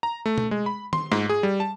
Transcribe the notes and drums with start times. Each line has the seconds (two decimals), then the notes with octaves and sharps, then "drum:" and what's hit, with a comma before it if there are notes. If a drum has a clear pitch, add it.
0.03 A#5
0.26 A3
0.38 drum: tom B2
0.51 G#3
0.66 B5
0.93 C6, drum: tom D#3
1.12 G#2, drum: snare
1.29 G#4
1.43 G3
1.60 A5